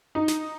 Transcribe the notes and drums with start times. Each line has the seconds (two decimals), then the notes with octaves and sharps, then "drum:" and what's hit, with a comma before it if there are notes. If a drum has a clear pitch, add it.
0.15 D#4
0.28 drum: snare